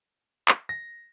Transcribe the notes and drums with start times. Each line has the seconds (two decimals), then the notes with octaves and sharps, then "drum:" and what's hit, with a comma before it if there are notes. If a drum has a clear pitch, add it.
0.48 drum: clap
0.69 A#6